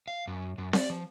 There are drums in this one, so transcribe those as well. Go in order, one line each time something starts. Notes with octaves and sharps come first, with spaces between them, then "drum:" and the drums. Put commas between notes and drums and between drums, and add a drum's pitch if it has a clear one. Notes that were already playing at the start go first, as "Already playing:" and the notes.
F5
F#2
F#2
D5, drum: snare C4
F3